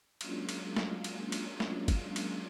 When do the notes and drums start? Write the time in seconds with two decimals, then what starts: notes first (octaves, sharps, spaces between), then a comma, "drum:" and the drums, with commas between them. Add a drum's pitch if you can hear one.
0.21 F#3 G#3 A#3 C#4 D4 F4, drum: cymbal
0.49 drum: cymbal
0.76 drum: snare A3
1.04 drum: cymbal
1.32 drum: cymbal
1.60 drum: snare A3
1.88 drum: kick, cymbal
2.16 drum: cymbal